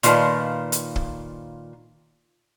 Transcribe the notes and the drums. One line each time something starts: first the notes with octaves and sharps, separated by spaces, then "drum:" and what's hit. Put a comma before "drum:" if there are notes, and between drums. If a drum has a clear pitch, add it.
A#2 D#3 F4 B4 A5, drum: hi-hat
drum: hi-hat
drum: kick